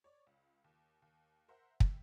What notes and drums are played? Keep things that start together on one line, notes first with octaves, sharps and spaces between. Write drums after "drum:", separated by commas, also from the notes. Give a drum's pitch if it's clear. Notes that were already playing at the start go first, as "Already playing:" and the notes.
C#5 D5
C#2
D#2
D#2
A#4 C5 E5 F#5
E5 G5, drum: kick